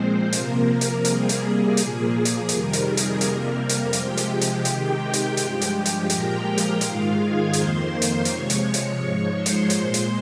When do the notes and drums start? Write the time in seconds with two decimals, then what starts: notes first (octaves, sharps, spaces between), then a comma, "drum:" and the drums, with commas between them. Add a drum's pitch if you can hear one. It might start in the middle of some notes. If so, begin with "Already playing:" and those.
Already playing: A#2 F3 G#3 C4 C5
0.33 C3 F3 A#3 A#4, drum: hi-hat
0.81 drum: hi-hat
1.05 C3 G3 A#3 G#4, drum: hi-hat
1.29 drum: hi-hat
1.77 A#2 F3 A#3, drum: hi-hat
2.25 drum: hi-hat
2.49 F2 C3 D#3 G3 A#4, drum: hi-hat
2.73 drum: hi-hat
2.86 G#4
2.97 drum: hi-hat
3.21 F2 C3 G3 A#3 A#4, drum: hi-hat
3.69 drum: hi-hat
3.93 C3 F3 G#3 G4 G5, drum: hi-hat
4.17 drum: hi-hat
4.41 drum: hi-hat
4.65 C3 D#3 G#3, drum: hi-hat
5.13 drum: hi-hat
5.37 G2 F3 G#3, drum: hi-hat
5.62 drum: hi-hat
5.86 drum: hi-hat
6.10 A#2 F3 G#3 A#4 A#5, drum: hi-hat
6.45 G4 G5
6.58 drum: hi-hat
6.81 G#2 D#3 G#3 F4 F5, drum: hi-hat
7.18 G#4 G#5
7.53 F2 D#3 A#3 C5 C6, drum: hi-hat
8.02 drum: hi-hat
8.25 C3 F3 G#3 C#5 C#6, drum: hi-hat
8.50 drum: hi-hat
8.74 drum: hi-hat
8.97 G#2 F3 G#3 C#5 C#6
9.33 C5 C6
9.46 drum: hi-hat
9.70 A#2 G#3, drum: hi-hat
9.94 drum: hi-hat